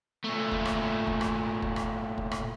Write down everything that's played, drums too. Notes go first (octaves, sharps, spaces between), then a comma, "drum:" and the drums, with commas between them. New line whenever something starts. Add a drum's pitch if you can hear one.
A#2 A3
drum: kick
drum: rim click
drum: kick
drum: rim click
drum: kick
drum: rim click
drum: kick
drum: rim click